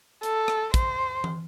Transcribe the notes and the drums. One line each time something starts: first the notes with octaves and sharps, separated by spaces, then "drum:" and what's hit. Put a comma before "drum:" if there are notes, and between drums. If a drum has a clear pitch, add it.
A4, drum: hi-hat
drum: rim click
C5, drum: kick, hi-hat
drum: tom E3